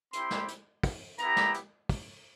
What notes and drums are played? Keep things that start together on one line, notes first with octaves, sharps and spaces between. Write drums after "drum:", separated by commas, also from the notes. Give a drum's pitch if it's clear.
C4 E4 G4 C6, drum: hi-hat
drum: snare
drum: hi-hat
drum: kick, open hi-hat
B3 E4 G4 A#5, drum: hi-hat
drum: snare
drum: hi-hat
drum: kick, open hi-hat